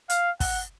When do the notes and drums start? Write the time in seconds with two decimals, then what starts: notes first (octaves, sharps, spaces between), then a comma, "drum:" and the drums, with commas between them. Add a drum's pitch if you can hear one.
0.10 F5, drum: hi-hat
0.40 F#5, drum: kick, open hi-hat